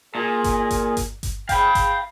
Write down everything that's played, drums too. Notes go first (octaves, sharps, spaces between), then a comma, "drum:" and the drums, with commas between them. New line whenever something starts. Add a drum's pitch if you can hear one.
A#2 G#4
drum: kick G1, hi-hat
drum: kick G1, hi-hat
drum: kick G1, hi-hat
drum: kick G1, hi-hat
F5 G5 B5, drum: kick G1, hi-hat
drum: kick G1, hi-hat